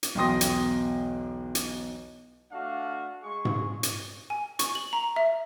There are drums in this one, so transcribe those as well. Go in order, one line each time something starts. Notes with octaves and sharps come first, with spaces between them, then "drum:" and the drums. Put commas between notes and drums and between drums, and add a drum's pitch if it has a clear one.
drum: hi-hat
B1 E2 G5 C6 D#6 A#6
drum: hi-hat
drum: hi-hat
A3 D4 F#4 F5
G#3 G#4 C#6
drum: tom G#2
drum: hi-hat
G#5
C#6, drum: hi-hat
F#7
A#5
E5